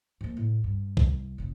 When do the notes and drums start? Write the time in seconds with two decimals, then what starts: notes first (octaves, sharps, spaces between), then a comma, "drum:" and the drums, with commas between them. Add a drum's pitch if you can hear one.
0.21 F3 A#3
0.37 A2
0.64 G2
0.97 C2, drum: kick A#1
1.38 F#1 C#3